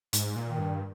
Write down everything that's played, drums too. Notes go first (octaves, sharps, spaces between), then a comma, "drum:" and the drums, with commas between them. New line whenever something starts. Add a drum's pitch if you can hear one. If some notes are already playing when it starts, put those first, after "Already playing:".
G#2, drum: hi-hat
A#2
D#3
G2